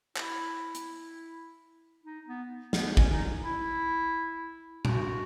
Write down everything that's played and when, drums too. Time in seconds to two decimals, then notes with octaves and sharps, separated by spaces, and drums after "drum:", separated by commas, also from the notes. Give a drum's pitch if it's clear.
0.17 E4, drum: clap
0.75 drum: hi-hat
2.04 D#4
2.26 B3
2.73 B3, drum: snare
2.97 C#4, drum: kick
3.13 D#4
3.44 E4
4.85 F#4, drum: tom A#2